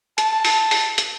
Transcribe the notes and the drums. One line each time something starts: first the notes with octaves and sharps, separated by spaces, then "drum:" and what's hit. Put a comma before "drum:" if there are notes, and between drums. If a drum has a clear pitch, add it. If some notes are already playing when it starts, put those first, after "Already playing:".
A5, drum: hi-hat
drum: open hi-hat
drum: open hi-hat
drum: hi-hat